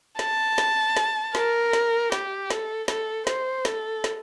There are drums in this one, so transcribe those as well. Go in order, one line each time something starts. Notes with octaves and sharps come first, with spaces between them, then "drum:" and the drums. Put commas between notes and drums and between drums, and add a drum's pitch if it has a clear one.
A5, drum: snare
drum: snare
drum: snare
A#4, drum: snare
drum: snare
G4, drum: snare
A4, drum: snare
A4, drum: snare
C5, drum: snare
A4, drum: snare
drum: snare